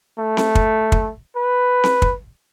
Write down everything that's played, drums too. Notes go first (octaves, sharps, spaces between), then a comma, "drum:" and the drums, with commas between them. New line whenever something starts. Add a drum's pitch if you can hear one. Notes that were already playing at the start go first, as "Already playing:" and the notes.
A3
drum: snare C4
drum: kick
drum: kick
B4
drum: snare C4
drum: kick